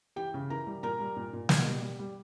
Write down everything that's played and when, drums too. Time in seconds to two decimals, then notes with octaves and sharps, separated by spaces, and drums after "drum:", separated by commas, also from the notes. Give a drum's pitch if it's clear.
0.16 E3 G4 G5
0.34 C#3
0.50 E3 A#4 A#5
0.67 G3
0.83 A#2 A#4 A#5
1.00 G3
1.16 A#2
1.33 A#2
1.49 B2, drum: snare
1.67 G3
1.82 G3
1.99 G3